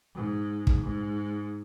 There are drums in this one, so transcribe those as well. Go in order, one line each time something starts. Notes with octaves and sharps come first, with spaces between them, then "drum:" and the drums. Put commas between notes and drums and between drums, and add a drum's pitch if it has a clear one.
G#2
drum: kick
G#2